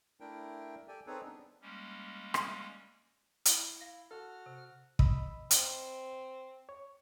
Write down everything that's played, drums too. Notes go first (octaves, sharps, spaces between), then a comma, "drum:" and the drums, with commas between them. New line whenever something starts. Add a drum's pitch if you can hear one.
A3 D4 E4 A#4 G5
G4 A4 D5 G5 G#5
C4 D#4 G#4 A4 B4 C#5
B3 D4
G3 G#3 A#3 C#4
drum: rim click
E4, drum: hi-hat
F5 A#6
F#4 A4 F6
C3
D#5 B5 E6, drum: kick
C4, drum: hi-hat
C#5 C#6